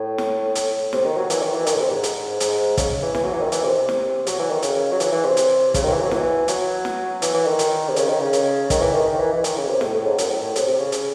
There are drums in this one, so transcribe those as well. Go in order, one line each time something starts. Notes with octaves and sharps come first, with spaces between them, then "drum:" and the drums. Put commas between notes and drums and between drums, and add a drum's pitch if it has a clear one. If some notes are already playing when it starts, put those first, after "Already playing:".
Already playing: A2
drum: snare
drum: hi-hat
C3, drum: snare
D#3
F#3
E3, drum: hi-hat
D#3
E3
D#3, drum: hi-hat
A2
C3
G#2
drum: hi-hat
G#2, drum: hi-hat
C#3, drum: kick, hi-hat
E3
E3, drum: snare
F#3
E3
D#3
E3, drum: hi-hat
C3
C3
drum: snare
F#3, drum: hi-hat
E3
D#3
C#3, drum: hi-hat
F#3
E3, drum: hi-hat
E3
C3
drum: hi-hat
C#3, drum: kick, hi-hat
D#3
E3
F#3
E3, drum: snare
F#3, drum: hi-hat
drum: snare
E3, drum: hi-hat
E3
D#3
drum: hi-hat
C3
C#3, drum: hi-hat
D#3
C#3
drum: hi-hat
D#3, drum: kick, hi-hat
E3
D#3
D#3
E3
E3
D#3, drum: hi-hat
C#3
C3
A2, drum: snare
A2
G#2
F#2, drum: hi-hat
A2
A2
C3, drum: hi-hat
C3
C#3
drum: hi-hat